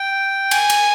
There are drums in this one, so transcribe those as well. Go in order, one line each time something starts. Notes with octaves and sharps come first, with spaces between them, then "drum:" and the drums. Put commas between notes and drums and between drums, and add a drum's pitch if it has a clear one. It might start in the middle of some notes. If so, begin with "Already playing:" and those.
Already playing: G5
G#5, drum: cymbal
drum: cymbal